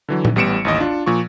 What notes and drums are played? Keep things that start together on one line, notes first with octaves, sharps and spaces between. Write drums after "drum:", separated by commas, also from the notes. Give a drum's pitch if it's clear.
D3 E3 F#3
drum: tom A#2
A1 G3 B3 C#7 D7 E7
A1 D#2 D#5
D4 F4
A#2 F3 C#6